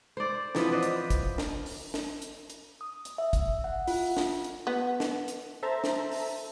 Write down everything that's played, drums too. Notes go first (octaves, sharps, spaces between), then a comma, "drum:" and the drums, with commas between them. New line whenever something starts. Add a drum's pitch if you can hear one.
C5 D5
E3 F3 B3 C4, drum: snare
B4 C5 D5 D#5
drum: hi-hat
drum: kick, hi-hat
drum: snare
drum: open hi-hat
drum: snare
drum: hi-hat
drum: hi-hat
D#6
drum: hi-hat
E5
drum: kick, hi-hat
F#5
F4, drum: open hi-hat
drum: snare
drum: hi-hat
B3
drum: snare
drum: hi-hat
A4 C5 E5 A5 A#5
drum: snare
drum: open hi-hat